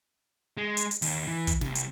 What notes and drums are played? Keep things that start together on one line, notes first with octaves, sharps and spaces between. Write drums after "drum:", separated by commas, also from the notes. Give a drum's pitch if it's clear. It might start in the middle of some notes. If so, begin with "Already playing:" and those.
G#3
drum: hi-hat
drum: hi-hat
D#2, drum: open hi-hat
E3
drum: kick, hi-hat
C2, drum: snare
drum: hi-hat